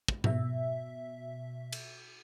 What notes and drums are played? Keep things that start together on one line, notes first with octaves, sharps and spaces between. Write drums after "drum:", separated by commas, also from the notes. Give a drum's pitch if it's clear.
drum: kick
B2 E5, drum: tom G#2
drum: cymbal